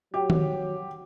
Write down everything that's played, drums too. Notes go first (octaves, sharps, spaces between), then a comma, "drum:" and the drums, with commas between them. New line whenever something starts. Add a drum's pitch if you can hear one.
F#3 G4
drum: tom D#3